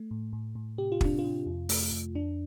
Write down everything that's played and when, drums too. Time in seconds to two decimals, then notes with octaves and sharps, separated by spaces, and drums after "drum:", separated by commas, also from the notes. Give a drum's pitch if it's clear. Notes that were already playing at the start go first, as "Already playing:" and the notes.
Already playing: A3
0.11 A2
0.33 A2
0.55 A2
0.78 C3 G4
0.92 F4
1.01 C3 D4, drum: kick
1.19 F4
1.24 C3
1.46 F2
1.69 A3, drum: open hi-hat
1.92 F2
2.15 F2 D4